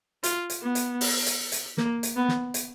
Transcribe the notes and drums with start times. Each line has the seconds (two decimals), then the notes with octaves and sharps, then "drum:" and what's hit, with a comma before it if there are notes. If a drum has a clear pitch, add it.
0.23 F4, drum: hi-hat
0.50 drum: hi-hat
0.63 B3
0.75 drum: hi-hat
1.01 drum: open hi-hat
1.26 drum: hi-hat
1.52 drum: hi-hat
1.77 A#3, drum: snare
2.03 drum: hi-hat
2.16 B3
2.29 drum: snare
2.54 drum: hi-hat